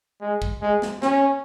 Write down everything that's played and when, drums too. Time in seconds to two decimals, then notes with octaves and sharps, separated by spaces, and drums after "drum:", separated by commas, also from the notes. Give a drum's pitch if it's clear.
0.21 G#3
0.42 drum: kick
0.62 G#3
0.82 drum: snare
1.02 C#4, drum: snare